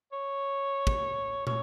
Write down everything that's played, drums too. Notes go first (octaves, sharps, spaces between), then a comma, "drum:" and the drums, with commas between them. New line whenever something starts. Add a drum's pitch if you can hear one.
C#5
drum: kick
C#5, drum: tom